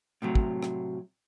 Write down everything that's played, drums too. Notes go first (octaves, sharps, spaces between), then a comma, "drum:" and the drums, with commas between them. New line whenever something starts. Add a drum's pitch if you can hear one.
A2 C3 F#3
drum: kick
drum: rim click